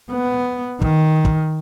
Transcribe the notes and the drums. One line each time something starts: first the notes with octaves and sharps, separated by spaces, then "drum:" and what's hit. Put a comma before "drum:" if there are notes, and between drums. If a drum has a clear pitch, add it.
B3
D#3, drum: kick
drum: kick